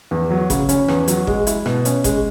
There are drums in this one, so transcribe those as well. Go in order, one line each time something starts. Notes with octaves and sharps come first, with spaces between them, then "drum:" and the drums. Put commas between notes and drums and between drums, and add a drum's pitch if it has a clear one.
E2
F#3
C#3, drum: kick G1, hi-hat
C#4, drum: hi-hat
E2, drum: rim click
F#3, drum: hi-hat
G#3, drum: kick G1
E4, drum: hi-hat
B2, drum: rim click
C#4, drum: hi-hat
G#3, drum: kick G1, hi-hat